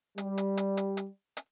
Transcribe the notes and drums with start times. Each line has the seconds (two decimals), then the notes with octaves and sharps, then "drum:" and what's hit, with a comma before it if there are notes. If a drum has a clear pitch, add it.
0.18 G3, drum: hi-hat
0.38 drum: hi-hat
0.57 drum: hi-hat
0.77 drum: hi-hat
0.97 drum: hi-hat
1.37 drum: hi-hat